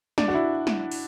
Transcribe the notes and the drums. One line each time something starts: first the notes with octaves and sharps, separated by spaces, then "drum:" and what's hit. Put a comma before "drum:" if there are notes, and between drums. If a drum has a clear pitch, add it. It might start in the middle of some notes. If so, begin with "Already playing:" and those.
D4, drum: snare
F#4
E4
drum: snare
drum: open hi-hat